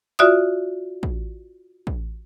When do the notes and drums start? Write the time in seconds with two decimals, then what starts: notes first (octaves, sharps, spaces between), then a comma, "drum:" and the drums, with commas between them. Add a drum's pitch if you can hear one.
0.19 F4 F#4 D5 E5 D#6
1.03 drum: kick
1.87 drum: kick